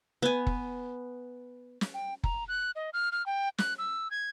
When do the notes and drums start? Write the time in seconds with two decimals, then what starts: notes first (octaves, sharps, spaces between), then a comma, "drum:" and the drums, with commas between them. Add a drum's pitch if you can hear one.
0.22 B3 G#5
0.47 drum: kick F#1
1.81 drum: snare
1.94 G5
2.24 A#5, drum: kick F#1
2.48 F#6
2.76 D#5
2.93 F6
3.12 F6
3.26 G5
3.58 F#6, drum: snare
3.78 E6
4.11 G#6